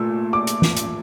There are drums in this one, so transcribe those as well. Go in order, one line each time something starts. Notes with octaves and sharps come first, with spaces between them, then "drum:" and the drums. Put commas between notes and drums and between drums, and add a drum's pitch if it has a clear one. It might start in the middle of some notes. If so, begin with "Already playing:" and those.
Already playing: A#2 A3 E6
D6
drum: hi-hat
drum: snare
drum: hi-hat